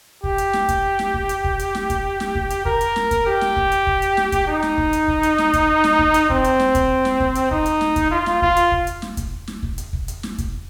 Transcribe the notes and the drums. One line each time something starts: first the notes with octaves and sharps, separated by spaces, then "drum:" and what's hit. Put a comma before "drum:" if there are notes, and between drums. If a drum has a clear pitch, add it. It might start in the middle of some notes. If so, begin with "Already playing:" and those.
G4, drum: kick
drum: hi-hat
drum: snare
drum: kick, hi-hat
drum: snare
drum: kick
drum: hi-hat
drum: kick
drum: hi-hat
drum: snare
drum: kick, hi-hat
drum: snare
drum: kick
drum: hi-hat
A#4, drum: kick
drum: hi-hat
drum: snare
drum: kick, hi-hat
G4
drum: snare
drum: kick
drum: hi-hat
drum: kick
drum: hi-hat
drum: snare
drum: kick, hi-hat
D#4
drum: snare
drum: kick
drum: hi-hat
drum: kick
drum: hi-hat
drum: snare
drum: kick, hi-hat
drum: snare
drum: kick
drum: hi-hat
C4, drum: kick
drum: hi-hat
drum: snare
drum: kick, hi-hat
drum: snare
drum: kick
drum: hi-hat
D#4, drum: kick
drum: hi-hat
drum: snare
drum: kick, hi-hat
F4
drum: snare
F4, drum: kick
drum: hi-hat
drum: kick
drum: hi-hat
drum: snare
drum: kick, hi-hat
drum: snare
drum: kick
drum: hi-hat
drum: kick
drum: hi-hat
drum: snare
drum: kick, hi-hat